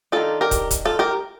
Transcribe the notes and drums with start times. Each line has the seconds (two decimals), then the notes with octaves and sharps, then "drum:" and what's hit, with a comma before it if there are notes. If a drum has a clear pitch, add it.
0.12 D#3 A#3 D4 F4 A4
0.41 G4 A#4
0.51 drum: kick, hi-hat
0.71 drum: kick, hi-hat
0.85 F4 A4
0.99 G4 A#4